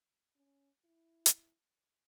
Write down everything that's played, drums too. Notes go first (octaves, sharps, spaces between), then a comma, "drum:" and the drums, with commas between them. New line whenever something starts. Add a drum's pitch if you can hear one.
C#4
E4
drum: hi-hat